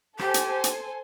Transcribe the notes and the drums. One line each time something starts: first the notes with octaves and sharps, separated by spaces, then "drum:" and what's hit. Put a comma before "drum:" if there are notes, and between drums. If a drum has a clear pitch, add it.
G4 A4 C5 G#5, drum: rim click
drum: hi-hat
drum: hi-hat